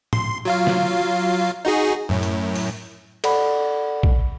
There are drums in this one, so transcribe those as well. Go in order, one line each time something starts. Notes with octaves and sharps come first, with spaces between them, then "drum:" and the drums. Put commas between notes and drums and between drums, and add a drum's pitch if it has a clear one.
C6, drum: tom A2
F#3 F4 F5
drum: snare
D#4 F#4 G#4
F#2 A2
drum: hi-hat
drum: open hi-hat
A4 D5 F#5 B5, drum: cymbal
drum: kick